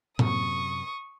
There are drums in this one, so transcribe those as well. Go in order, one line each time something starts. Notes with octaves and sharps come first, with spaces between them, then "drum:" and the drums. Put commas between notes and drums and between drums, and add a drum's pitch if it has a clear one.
F#2 C3 C#6 D#6, drum: tom A2